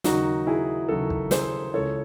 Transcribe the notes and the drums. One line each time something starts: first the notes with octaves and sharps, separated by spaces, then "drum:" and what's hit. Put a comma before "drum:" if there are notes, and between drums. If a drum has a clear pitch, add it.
D#2 C#3 F#3 D#4 F#4, drum: snare
E4 G#4
D#2 C#3 F#3 F#4 A4
drum: kick
G#4 C5, drum: snare
C#2 C#3 E3 A4 C#5